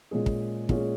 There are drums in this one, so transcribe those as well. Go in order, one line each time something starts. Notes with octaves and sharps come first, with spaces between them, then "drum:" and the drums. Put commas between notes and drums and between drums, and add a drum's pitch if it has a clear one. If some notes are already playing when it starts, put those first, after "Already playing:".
A#2 G#3 C#4 G#4
drum: kick
A#2 G#3 C#4 G#4, drum: kick